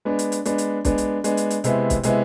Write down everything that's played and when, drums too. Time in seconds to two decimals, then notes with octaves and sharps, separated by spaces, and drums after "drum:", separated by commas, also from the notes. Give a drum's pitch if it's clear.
0.05 G#3 B3 D4
0.19 drum: hi-hat
0.32 drum: hi-hat
0.45 G#3 B3 D4, drum: hi-hat
0.58 drum: hi-hat
0.85 G#3 B3 D4, drum: kick, hi-hat
0.98 drum: hi-hat
1.24 G#3 B3 D4, drum: hi-hat
1.37 drum: hi-hat
1.50 drum: hi-hat
1.64 C3 G#3 B3 E4, drum: hi-hat
1.90 drum: kick, hi-hat
2.03 C3 G#3 B3 E4, drum: hi-hat